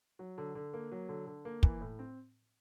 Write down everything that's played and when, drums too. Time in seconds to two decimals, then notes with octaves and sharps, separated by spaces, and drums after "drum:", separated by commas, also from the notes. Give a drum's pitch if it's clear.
0.19 F#3
0.38 D3
0.55 D3
0.74 A#3
0.92 F#3
1.09 D3
1.27 D3
1.45 A#3
1.63 E3, drum: kick
1.81 A2
1.99 C4